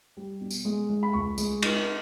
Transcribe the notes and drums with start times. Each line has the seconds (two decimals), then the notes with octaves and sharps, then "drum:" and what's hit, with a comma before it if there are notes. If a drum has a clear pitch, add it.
0.17 G3
0.41 B2
0.51 drum: tambourine
0.65 G#3
0.90 G#3
1.03 B5
1.13 C#2 C#6
1.38 G#3, drum: tambourine
1.62 D#4, drum: cymbal